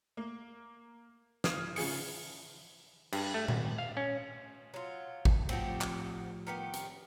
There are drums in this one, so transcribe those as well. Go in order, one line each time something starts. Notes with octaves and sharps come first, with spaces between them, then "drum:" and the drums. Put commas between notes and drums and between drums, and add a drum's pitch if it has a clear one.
A#3
D#6 F6 G#6 C7, drum: snare
C#3 F4 G#4 C#7, drum: open hi-hat
G2, drum: cymbal
A3
G#1, drum: tom A#2
F5
C#4
F#3 F4
drum: kick G#1
A2 F3 C4 F#4 G4, drum: cymbal
drum: clap
D#3 B3 G4
drum: hi-hat